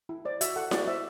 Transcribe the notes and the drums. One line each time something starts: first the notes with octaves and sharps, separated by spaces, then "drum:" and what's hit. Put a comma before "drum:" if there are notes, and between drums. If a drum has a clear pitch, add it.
E4
C5 D5
F#4 E5, drum: hi-hat
A4 F#5
F#4 D5, drum: snare E4
C5 E5